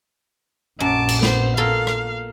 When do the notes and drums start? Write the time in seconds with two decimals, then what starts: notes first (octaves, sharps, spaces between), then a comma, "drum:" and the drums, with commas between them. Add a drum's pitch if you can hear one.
0.80 A#1 F#2 A5 D6
1.09 drum: cymbal
1.23 B3 C5, drum: snare
1.57 A#3 F4 A4 F5
1.87 drum: rim click